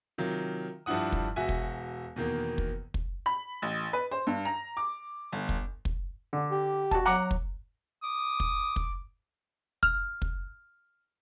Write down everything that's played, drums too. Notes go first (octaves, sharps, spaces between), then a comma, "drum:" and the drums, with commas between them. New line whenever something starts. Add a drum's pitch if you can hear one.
C3 D#3 F#3 F4
G2 F3 D4 E4 F#5 D#6
drum: kick
E1 F#4 E5 G#5
drum: kick
E2 B2 D#3 A#3
drum: kick
drum: kick
B5
A1
B4
C5
G2
A#5
D6
G1
drum: kick
drum: kick
D3
G4
F#4 A5, drum: kick
F#3 F#5 A#5 D6
drum: kick
D6 D#6
drum: kick
drum: kick
F6, drum: kick
drum: kick